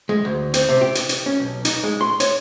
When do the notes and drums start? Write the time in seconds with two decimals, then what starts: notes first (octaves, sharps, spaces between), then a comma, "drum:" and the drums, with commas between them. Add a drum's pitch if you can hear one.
0.09 G#3
0.25 D2
0.54 C4, drum: hi-hat
0.69 C3
0.81 G4
0.95 drum: hi-hat
1.09 drum: hi-hat
1.26 C#4
1.40 B1
1.65 D#4, drum: hi-hat
1.84 G#3
2.01 C6
2.20 C#5, drum: hi-hat